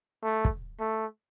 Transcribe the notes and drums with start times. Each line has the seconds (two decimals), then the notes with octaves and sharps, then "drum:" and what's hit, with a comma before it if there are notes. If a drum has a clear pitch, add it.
0.23 A3
0.45 drum: kick
0.80 A3